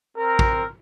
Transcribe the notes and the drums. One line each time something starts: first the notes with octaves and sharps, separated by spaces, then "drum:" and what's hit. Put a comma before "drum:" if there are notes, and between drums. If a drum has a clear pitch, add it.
C4 A#4
drum: kick